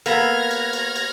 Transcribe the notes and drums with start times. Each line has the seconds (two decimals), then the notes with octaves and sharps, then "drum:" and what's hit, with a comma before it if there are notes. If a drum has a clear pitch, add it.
0.06 A#3 B3 F6 G#6 A#6, drum: cymbal
0.51 drum: cymbal
0.73 drum: cymbal
0.96 drum: cymbal